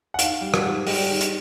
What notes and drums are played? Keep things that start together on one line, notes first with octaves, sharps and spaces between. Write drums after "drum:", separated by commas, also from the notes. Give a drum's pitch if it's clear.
F#5
D#3 F5, drum: hi-hat
G3
F#5, drum: rim click
G#2
G3 G5, drum: open hi-hat
D#3
drum: hi-hat